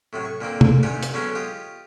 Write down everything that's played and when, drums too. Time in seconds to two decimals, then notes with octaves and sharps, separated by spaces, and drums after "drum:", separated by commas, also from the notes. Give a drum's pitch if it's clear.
0.13 A2 C3 F#3
0.25 C#6
0.41 A#2 D3 A#3 C4
0.61 drum: tom
0.83 G2 C3 D#4 G4 F#5 G#5
1.03 drum: hi-hat
1.14 D3 F#3 G#3 B3 C#4 D4
1.35 F4 G4 D#5